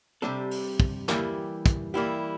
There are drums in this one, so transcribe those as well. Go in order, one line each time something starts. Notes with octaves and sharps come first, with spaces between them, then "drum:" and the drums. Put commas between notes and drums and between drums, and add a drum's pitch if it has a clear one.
C3 G3 D4 A4
drum: open hi-hat
drum: kick
E3 G3 A#3 E4 G4, drum: snare
drum: kick, hi-hat
E3 G3 A#3 E4 G4